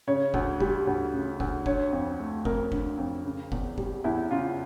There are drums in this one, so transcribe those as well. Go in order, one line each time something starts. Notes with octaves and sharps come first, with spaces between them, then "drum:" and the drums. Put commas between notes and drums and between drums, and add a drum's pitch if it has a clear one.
C#3 C#5
D2, drum: kick
G3, drum: kick
D2
C#3
D2, drum: kick
D3 C#5, drum: kick
F2
A3
F2 A#4, drum: kick
D3, drum: kick
F2
C#3
E2, drum: kick
G3, drum: kick
E2 E4
C#3 F4